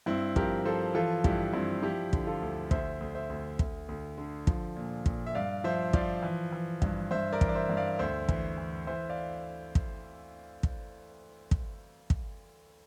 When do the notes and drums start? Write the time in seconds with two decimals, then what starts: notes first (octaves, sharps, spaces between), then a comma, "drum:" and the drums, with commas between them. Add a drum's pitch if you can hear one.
0.06 G2 C4 E4
0.36 F3 G4 A#4, drum: kick
0.65 F3 A4 C5
0.95 E3 F4 A4
1.24 G2 E4 G4, drum: kick
1.53 G2 C4 E4
1.83 F3 E4 G4
2.13 D3, drum: kick
2.27 F4 A4
2.42 D2
2.71 D2 C5 E5, drum: kick
3.00 D2
3.15 C5 E5
3.29 D2
3.59 D2, drum: kick
3.88 D2
4.18 D3
4.47 F3, drum: kick
4.76 A#2
5.06 A#2, drum: kick
5.27 E5
5.35 G2 D5 F5
5.64 F3 C5 E5
5.93 F3 D5 F5, drum: kick
6.23 E3
6.52 E3
6.82 G2, drum: kick
7.11 G2 C5 E5
7.33 A#4 D5
7.41 E3, drum: kick
7.49 D5
7.55 C5 E5
7.69 G2
7.77 D5 F5
7.99 D2 C5 E5
8.29 E3, drum: kick
8.58 E3
8.87 E3 C5 E5
9.09 D5 F5
9.75 drum: kick
10.63 drum: kick
11.51 drum: kick
12.10 drum: kick